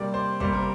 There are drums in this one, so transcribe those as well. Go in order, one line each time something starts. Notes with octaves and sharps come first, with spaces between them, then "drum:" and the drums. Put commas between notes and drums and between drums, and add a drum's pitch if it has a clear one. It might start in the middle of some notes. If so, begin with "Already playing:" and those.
Already playing: C3 G3 A#3 D5
C5
C3 G3 A#3 C5, drum: kick
A#4